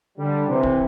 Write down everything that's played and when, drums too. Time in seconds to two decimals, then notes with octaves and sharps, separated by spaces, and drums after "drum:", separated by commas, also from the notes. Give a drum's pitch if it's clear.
0.18 D3 G3
0.48 C3 E3
0.63 drum: kick